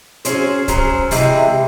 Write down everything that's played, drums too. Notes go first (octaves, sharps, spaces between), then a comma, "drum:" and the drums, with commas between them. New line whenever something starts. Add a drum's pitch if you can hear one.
F#3 C#4 G#4 C5, drum: hi-hat
F#3 C#4 G#4 C5, drum: kick, hi-hat
C3 E3 G#3, drum: open hi-hat